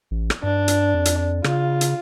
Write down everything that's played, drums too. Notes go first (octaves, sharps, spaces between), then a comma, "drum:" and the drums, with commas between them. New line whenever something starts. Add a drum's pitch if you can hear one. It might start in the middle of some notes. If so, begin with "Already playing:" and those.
A1
drum: rim click
G2 D4
drum: hi-hat
F2
drum: hi-hat
C#3 F4, drum: rim click
drum: hi-hat